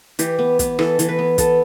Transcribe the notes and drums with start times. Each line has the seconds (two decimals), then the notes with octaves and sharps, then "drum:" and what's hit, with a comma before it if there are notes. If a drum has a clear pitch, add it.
0.19 E3 G4, drum: hi-hat
0.39 B3
0.59 B3, drum: kick, hi-hat
0.79 E3 A4, drum: rim click
0.99 E3, drum: hi-hat
1.09 B4
1.19 B3
1.38 B3 A4, drum: kick, hi-hat